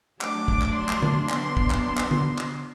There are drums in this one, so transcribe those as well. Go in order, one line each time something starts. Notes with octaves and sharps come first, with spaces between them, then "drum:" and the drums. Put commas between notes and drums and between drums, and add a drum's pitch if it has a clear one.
F#3 A3 D4 D6, drum: clap
drum: kick
drum: clap
C6
drum: clap
drum: tom D3
F#3 B3 D4 C6, drum: clap
drum: kick
drum: clap
C6
drum: clap
drum: tom D3
drum: clap